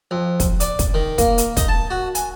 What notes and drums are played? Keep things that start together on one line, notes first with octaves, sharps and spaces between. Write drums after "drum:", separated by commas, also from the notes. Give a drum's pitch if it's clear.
F2
drum: kick, hi-hat
D5, drum: hi-hat
drum: kick, hi-hat
D#3
A#3, drum: kick, hi-hat
drum: hi-hat
D#4, drum: kick, hi-hat
A5
F#4
G#5, drum: hi-hat